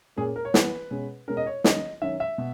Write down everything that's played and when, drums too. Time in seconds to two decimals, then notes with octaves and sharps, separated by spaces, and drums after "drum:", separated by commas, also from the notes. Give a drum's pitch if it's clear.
0.16 A#2 A#3 C#4 G#4
0.36 A#4
0.45 C#5
0.54 E3 B3 B4, drum: snare
0.91 B2 G#3 C#4
1.28 B2 G#3 C#4 A#4
1.37 D#5
1.46 C#5
1.64 D#3 F#3 C#4 D#5, drum: snare
2.01 D#3 F#3 C#4 E5
2.20 E5
2.38 B2